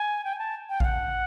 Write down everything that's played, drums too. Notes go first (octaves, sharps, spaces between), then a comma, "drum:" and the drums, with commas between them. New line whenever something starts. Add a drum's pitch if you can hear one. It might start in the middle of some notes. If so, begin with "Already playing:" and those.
Already playing: G#5
G5
G#5
A5
G5
F5, drum: kick
F#5